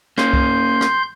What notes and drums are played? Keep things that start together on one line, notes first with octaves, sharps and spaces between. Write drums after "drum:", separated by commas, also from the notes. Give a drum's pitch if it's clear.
A#3 C#4 C6 G6, drum: rim click
drum: kick
drum: rim click